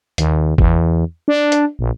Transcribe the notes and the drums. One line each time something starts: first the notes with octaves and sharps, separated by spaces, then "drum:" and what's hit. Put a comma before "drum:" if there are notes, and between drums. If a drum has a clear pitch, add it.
D#2, drum: hi-hat
E2, drum: kick
D4
drum: hi-hat
A#1